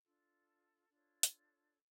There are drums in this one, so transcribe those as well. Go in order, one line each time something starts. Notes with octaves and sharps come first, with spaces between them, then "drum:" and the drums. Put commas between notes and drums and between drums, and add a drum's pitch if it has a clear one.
D4 F4 A4
D4 F4 A4 C#5
drum: hi-hat